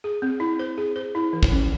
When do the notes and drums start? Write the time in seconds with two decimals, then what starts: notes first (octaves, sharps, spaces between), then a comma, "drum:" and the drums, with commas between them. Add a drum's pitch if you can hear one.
0.04 G#4
0.22 C4
0.40 E4
0.59 C5
0.78 G#4
0.96 C5
1.15 E4
1.33 E3
1.43 drum: kick
1.52 C#4